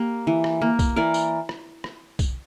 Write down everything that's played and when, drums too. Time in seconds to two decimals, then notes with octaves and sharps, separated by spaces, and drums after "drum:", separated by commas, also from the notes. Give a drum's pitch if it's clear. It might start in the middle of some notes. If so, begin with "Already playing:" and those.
Already playing: A#3 G4
0.27 E3
0.44 drum: rim click
0.62 A#3
0.79 drum: kick B1, tambourine
0.96 E3 A#4 D5
1.14 drum: tambourine
1.49 drum: rim click
1.84 drum: rim click
2.19 drum: kick B1, tambourine